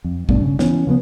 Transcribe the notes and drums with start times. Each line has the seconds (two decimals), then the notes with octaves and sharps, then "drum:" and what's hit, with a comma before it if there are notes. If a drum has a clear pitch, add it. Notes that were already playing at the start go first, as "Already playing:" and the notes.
0.04 F2
0.29 G2 B2 A3 D4, drum: kick
0.42 C#3
0.59 E3 B3 C#4, drum: snare
0.87 C#3 F3 G#3 B3